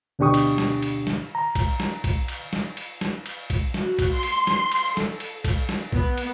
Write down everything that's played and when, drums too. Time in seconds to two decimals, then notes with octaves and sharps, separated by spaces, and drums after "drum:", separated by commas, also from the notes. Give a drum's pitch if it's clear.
0.19 D2 B2 D4 G4 C#6 D#6
0.34 drum: cymbal
0.58 drum: snare
0.82 drum: cymbal
1.07 drum: snare
1.35 A#5
1.55 drum: kick, cymbal
1.80 drum: snare
2.04 drum: kick, cymbal
2.28 drum: cymbal
2.53 drum: snare
2.77 drum: cymbal
3.01 drum: snare
3.26 drum: cymbal
3.50 drum: kick, cymbal
3.74 F#4, drum: snare
3.99 drum: kick, cymbal
4.13 C6
4.23 drum: cymbal
4.47 drum: snare
4.72 drum: cymbal
4.97 A4, drum: snare
5.20 drum: cymbal
5.44 drum: kick, cymbal
5.69 drum: snare
5.93 B3, drum: kick
6.17 drum: cymbal